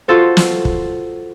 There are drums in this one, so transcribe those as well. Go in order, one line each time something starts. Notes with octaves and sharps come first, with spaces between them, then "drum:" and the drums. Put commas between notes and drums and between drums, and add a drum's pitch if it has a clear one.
F4 F#4 A4 C5
drum: snare
drum: kick